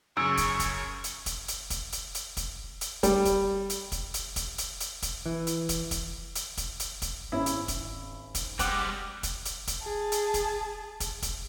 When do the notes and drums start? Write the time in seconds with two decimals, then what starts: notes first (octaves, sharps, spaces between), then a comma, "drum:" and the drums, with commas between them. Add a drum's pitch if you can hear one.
0.17 F#2 C#3 C#5 G#5 E6
0.37 drum: kick, hi-hat
0.60 drum: kick, hi-hat
1.04 drum: hi-hat
1.26 drum: kick, hi-hat
1.48 drum: hi-hat
1.70 drum: kick, hi-hat
1.92 drum: hi-hat
2.15 drum: hi-hat
2.37 drum: kick, hi-hat
2.81 drum: hi-hat
3.03 G3, drum: kick, hi-hat
3.25 drum: kick, hi-hat
3.70 drum: hi-hat
3.92 drum: kick, hi-hat
4.14 drum: hi-hat
4.36 drum: kick, hi-hat
4.58 drum: hi-hat
4.80 drum: hi-hat
5.02 drum: kick, hi-hat
5.26 E3
5.47 drum: hi-hat
5.69 drum: kick, hi-hat
5.91 drum: kick, hi-hat
6.35 drum: hi-hat
6.57 drum: kick, hi-hat
6.80 drum: hi-hat
7.02 drum: kick, hi-hat
7.32 G#1 C#4 E4
7.46 drum: hi-hat
7.68 drum: kick, hi-hat
8.35 drum: kick, hi-hat
8.59 G3 G#3 F#5 G5 D6, drum: kick, hi-hat
9.23 drum: kick, hi-hat
9.45 drum: hi-hat
9.67 drum: kick, hi-hat
9.82 G#4 A5
10.12 drum: hi-hat
10.34 drum: kick, hi-hat
11.00 drum: kick, hi-hat
11.22 drum: kick, hi-hat